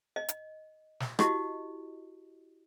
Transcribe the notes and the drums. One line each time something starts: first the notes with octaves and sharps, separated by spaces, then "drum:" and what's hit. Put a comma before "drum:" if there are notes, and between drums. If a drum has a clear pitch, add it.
D#5
drum: hi-hat
drum: snare
E4 F#4 G4 D#5, drum: rim click